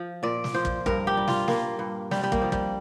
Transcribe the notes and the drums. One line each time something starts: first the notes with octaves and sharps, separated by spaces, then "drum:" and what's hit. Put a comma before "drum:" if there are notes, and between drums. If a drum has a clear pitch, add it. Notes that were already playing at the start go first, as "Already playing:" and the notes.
Already playing: F3
A#2 D5
drum: snare
F3 C5
drum: kick
G2 A#4, drum: kick
G4
G3
F4, drum: snare
G2 A#3, drum: snare
G2
C3 G3, drum: snare
G3
A#3, drum: kick
F3
G3, drum: kick